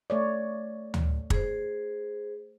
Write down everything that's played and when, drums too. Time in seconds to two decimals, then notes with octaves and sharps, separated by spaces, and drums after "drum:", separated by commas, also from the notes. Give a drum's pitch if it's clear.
0.10 A3 C#5 D5
0.94 drum: tom D2
1.30 G#4 C5, drum: kick